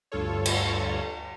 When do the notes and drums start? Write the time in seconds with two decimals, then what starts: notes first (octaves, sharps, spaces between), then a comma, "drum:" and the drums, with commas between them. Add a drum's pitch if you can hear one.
0.12 D2 G2 F4 A4 C#5
0.46 drum: cymbal